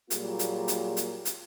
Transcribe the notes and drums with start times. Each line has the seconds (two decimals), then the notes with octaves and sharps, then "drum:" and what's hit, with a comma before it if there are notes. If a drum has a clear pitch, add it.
0.10 A#2 F#3 G3 A#3 F4 G#4, drum: hi-hat
0.39 drum: hi-hat
0.68 drum: hi-hat
0.97 drum: hi-hat
1.25 drum: hi-hat